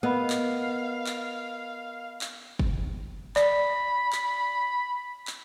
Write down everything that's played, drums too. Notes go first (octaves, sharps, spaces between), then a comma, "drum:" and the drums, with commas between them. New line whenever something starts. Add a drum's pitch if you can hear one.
B3 A#4 D#5 F5 B5
drum: clap
drum: clap
drum: clap
drum: kick
D5 B5, drum: clap
drum: clap
drum: clap